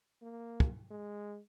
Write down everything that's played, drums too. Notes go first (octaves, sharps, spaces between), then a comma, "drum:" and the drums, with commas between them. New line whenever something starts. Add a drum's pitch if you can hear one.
A#3
drum: kick
G#3